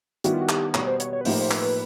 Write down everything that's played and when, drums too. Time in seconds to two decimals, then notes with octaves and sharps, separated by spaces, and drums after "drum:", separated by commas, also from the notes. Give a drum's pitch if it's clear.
0.24 D#3 G3 B3 E4 F#4 G4, drum: hi-hat
0.33 F4
0.41 F#4
0.49 G4, drum: clap
0.74 B2 G3 B3 C#5, drum: clap
0.87 C5
1.00 C#5, drum: hi-hat
1.13 C#5
1.21 B4
1.25 A2 F3 A#3 D#4 G4 C5, drum: open hi-hat
1.41 C5
1.51 B4, drum: clap